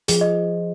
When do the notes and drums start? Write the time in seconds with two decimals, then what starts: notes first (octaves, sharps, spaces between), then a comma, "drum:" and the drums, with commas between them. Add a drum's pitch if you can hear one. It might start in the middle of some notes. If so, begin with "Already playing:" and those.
0.08 F3 G#4, drum: hi-hat
0.21 D#5